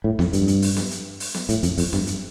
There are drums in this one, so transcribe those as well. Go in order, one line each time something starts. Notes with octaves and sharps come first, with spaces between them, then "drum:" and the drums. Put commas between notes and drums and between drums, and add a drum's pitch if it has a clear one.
A2
F2, drum: snare B3
G2, drum: hi-hat
drum: hi-hat
drum: open hi-hat
drum: snare B3
drum: hi-hat
drum: open hi-hat
drum: snare B3
A2, drum: hi-hat
F2, drum: hi-hat
F2, drum: open hi-hat
G2, drum: snare B3
drum: hi-hat